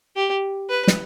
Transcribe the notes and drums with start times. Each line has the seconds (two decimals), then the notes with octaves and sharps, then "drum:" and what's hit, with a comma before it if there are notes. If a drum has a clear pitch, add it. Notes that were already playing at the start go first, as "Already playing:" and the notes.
0.16 G4
0.69 B4
0.87 drum: snare